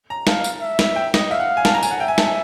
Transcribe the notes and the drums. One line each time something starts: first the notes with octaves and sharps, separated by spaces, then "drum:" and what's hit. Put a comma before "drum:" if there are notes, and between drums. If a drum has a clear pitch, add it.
A#5
F5 A5, drum: snare
drum: tambourine
E5
drum: snare
G5
D#5, drum: snare
E5 F5
F#5
G#5
A5, drum: snare
A#5
G#5, drum: tambourine
F#5
E5 G5
G#5
A5, drum: snare
G#5